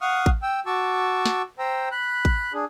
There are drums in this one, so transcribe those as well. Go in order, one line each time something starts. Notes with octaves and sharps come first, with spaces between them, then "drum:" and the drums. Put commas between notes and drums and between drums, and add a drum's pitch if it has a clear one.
F5 F#5 C#6 D#6 F6
drum: kick A1
G5 E6
F#4 A5 C#6 D6 E6
drum: snare
C5 G5 A#5 E6
B5 F#6
drum: kick A1
D4 G#4